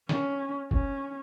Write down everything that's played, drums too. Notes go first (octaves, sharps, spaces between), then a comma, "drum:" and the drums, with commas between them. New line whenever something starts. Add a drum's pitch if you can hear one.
C#4, drum: snare
C#4, drum: kick F#1